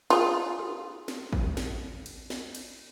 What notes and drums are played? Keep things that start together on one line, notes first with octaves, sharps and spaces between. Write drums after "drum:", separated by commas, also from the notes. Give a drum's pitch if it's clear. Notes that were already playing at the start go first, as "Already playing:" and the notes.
F4 G#4, drum: cymbal
drum: tom
drum: snare
drum: kick
drum: snare
drum: cymbal
drum: snare
drum: cymbal